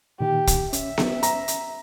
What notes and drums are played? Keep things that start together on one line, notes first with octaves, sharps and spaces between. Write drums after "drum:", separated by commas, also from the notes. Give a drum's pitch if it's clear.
A#2 D#3 G4
drum: kick, hi-hat
C#4 E5, drum: hi-hat
drum: snare B3
A#5, drum: hi-hat
drum: hi-hat